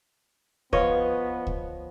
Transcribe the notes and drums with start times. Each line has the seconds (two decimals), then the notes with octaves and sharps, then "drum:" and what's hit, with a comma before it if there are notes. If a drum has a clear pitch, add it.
0.73 F3 B3 B4 C#5 D#5, drum: kick C#2
1.47 drum: kick C#2